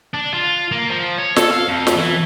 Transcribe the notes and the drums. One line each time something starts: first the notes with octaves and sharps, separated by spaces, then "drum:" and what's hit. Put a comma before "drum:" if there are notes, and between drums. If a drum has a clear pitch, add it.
D4
F4
A#3
F3
C#5
A4, drum: snare
F5
F2
drum: snare
E3